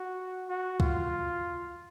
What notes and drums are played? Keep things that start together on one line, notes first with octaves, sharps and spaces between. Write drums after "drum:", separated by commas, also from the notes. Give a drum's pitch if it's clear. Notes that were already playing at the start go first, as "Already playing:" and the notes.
Already playing: F#4
F#4
F4, drum: kick